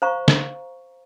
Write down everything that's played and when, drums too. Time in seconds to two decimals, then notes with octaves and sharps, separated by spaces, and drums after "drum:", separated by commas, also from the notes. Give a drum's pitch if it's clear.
0.02 C5 F5 A#5 C#6
0.28 drum: snare